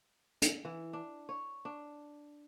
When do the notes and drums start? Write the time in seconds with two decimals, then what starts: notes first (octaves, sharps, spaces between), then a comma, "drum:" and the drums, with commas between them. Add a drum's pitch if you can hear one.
0.42 drum: hi-hat
0.65 E3
0.93 D4
1.29 C#5
1.65 D4